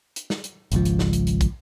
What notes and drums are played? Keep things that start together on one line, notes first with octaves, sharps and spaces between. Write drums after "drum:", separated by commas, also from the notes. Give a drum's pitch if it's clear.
drum: hi-hat
drum: snare
drum: hi-hat
G#1 C#2 F3, drum: hi-hat
drum: hi-hat
drum: snare
drum: hi-hat
drum: hi-hat
drum: kick, hi-hat